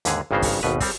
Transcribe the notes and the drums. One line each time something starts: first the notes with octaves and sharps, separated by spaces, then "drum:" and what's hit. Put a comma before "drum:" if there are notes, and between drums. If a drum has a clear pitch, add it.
D#2 G#2 D3 G#4, drum: hi-hat
G#1 G2 C#3 A#3 B3 C5
drum: kick, open hi-hat
G#1 D#2 B2 B4
G3 C4, drum: kick, open hi-hat